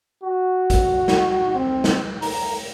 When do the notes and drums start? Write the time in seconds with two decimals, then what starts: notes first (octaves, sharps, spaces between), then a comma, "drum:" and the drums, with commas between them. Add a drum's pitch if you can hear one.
0.23 F#4
0.70 drum: kick, hi-hat
1.08 drum: snare
1.55 C4
1.84 drum: snare
2.22 A#5, drum: open hi-hat